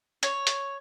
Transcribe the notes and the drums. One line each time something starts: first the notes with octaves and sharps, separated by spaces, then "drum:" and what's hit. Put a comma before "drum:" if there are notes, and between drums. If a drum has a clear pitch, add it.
C#5, drum: hi-hat
drum: hi-hat